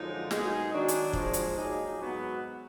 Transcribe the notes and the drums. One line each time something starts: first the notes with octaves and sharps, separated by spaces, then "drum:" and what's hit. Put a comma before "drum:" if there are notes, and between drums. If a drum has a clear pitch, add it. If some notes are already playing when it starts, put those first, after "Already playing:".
Already playing: F#2 D3 F3 G#3 D#4
B2 G#3 D#4 G#4, drum: snare
D#3 F#3 D4
drum: hi-hat
A#2 F3 G#3 D#4 G#4, drum: kick
drum: hi-hat
F#3 A#3 D#4 G#4
G#2 F#3 B3